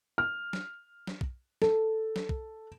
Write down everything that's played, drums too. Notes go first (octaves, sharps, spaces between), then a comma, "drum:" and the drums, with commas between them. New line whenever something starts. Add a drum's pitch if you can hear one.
F6
drum: snare
drum: snare
drum: kick
A4, drum: snare
drum: snare
drum: kick